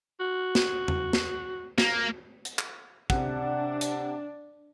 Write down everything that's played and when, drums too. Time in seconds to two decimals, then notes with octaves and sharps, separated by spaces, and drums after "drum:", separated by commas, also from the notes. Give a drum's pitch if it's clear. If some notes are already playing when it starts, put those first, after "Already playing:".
0.20 F#4
0.55 drum: snare
0.88 drum: tom E2
1.13 drum: snare
1.78 A#3, drum: snare
2.45 drum: hi-hat
2.59 drum: clap
3.10 C3 D4 F#5, drum: kick
3.81 drum: hi-hat